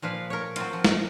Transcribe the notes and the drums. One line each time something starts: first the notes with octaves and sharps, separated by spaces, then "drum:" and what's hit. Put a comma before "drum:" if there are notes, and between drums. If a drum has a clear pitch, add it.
A#2 F3 B4 F5
A#4 C#5
F#3 C4 F4, drum: hi-hat
F3
drum: snare